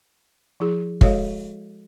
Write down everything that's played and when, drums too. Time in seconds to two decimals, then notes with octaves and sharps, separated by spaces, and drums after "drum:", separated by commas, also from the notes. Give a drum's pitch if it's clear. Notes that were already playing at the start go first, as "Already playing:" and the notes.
0.60 F3 E4 G#4
1.01 G#3 F#4 A4 C#5 D#5 F5, drum: kick